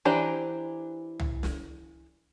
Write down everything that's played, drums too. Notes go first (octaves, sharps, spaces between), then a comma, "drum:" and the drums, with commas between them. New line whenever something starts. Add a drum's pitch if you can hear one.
E3 D4 G4 C5 A#5
drum: tom C2
drum: snare